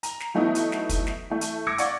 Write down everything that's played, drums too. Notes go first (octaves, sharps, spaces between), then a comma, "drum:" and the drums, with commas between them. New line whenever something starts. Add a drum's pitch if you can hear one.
A#5, drum: hi-hat
drum: snare
E3 F#3 A3 B3 D#4 E4
drum: hi-hat
drum: snare
drum: kick, hi-hat
drum: snare
E3 A3
drum: hi-hat
D6 E6 G#6 A#6 C#7
D5 F5 F#5 C#6, drum: hi-hat